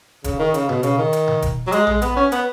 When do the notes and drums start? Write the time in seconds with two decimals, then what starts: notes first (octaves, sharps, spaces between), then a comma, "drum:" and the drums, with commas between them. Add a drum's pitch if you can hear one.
0.24 C#3, drum: kick E1, hi-hat
0.39 D#3
0.54 C#3, drum: hi-hat
0.69 B2, drum: tom B2
0.83 C#3, drum: hi-hat
0.98 D#3
1.13 drum: hi-hat
1.28 drum: tom B2
1.42 drum: kick E1, hi-hat
1.67 F#3
1.72 G#3, drum: hi-hat
1.87 G#3, drum: tom A#1
2.02 B3, drum: hi-hat
2.16 C#4
2.32 B3, drum: hi-hat